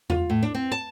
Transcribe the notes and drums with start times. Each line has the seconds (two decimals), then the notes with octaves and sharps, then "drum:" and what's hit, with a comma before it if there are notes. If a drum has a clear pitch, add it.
0.10 F4, drum: tom
0.30 A2
0.43 D4
0.55 C4
0.72 A5